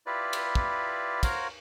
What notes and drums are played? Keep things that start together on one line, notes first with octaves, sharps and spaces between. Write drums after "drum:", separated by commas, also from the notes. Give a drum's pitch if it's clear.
E4 F4 G4 B4 D5
drum: cymbal
drum: kick
F#4 A#4 C5 C#5 F5, drum: kick, cymbal